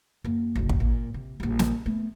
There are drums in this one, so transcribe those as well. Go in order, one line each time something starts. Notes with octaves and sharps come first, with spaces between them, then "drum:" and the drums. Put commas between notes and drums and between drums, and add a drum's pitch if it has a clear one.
F#2 A#3
F#1 B1
drum: kick
A#2
C3
A#1 G3
drum: snare
A3 B3